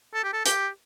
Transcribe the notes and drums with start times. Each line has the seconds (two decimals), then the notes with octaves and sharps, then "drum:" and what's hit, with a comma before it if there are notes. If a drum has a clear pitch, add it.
0.14 A4
0.24 G4
0.33 A4
0.46 G4, drum: hi-hat